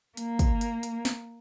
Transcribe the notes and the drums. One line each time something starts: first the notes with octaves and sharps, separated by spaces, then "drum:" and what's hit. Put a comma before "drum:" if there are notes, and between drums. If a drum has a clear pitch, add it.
A#3, drum: hi-hat
drum: kick, hi-hat
drum: hi-hat
drum: hi-hat
drum: snare